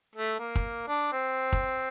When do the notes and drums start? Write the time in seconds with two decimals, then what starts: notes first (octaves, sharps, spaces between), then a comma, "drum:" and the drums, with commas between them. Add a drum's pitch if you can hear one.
0.16 A3
0.39 A#3
0.55 drum: kick
0.88 D4
1.12 C4
1.53 drum: kick